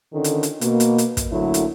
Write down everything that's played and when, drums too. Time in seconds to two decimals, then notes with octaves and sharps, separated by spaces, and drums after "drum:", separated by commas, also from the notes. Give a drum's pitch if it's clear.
0.13 D3 D#3 C#4 F4 A4
0.24 drum: hi-hat
0.43 drum: hi-hat
0.61 B2 A#3, drum: hi-hat
0.80 drum: hi-hat
0.98 drum: hi-hat
1.17 drum: kick, hi-hat
1.32 D3 F#3 A3 A#3 E4
1.54 drum: hi-hat